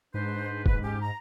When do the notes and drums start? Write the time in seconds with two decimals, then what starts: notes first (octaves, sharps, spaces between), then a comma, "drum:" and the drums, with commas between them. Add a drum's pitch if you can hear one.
0.14 G#2 D4 B4 C5
0.66 B4, drum: kick
0.83 C#4 G4
1.01 A#5